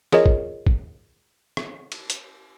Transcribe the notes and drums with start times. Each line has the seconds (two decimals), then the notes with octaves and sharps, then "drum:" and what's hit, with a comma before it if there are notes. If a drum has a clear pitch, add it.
0.12 F4 G#4 A#4 C#5 D#5, drum: snare
0.26 drum: kick
0.67 drum: kick
1.57 drum: rim click
1.92 drum: cymbal
2.10 drum: hi-hat